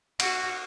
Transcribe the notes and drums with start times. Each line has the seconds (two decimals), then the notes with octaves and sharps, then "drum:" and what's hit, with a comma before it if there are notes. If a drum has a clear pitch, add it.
0.20 F#4, drum: cymbal